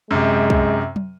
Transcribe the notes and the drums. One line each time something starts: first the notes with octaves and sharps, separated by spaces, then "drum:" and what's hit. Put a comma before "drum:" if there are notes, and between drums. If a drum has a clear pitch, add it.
F#2 C3 G#3
drum: kick
drum: tom F#3